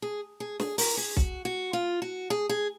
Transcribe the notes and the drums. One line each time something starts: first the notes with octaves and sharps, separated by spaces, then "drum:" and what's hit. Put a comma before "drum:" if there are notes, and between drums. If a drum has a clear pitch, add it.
G#4
G#4
G#4, drum: snare
A#4, drum: open hi-hat
G#4
F#4, drum: kick B1
F#4
F4
F#4
G#4
G#4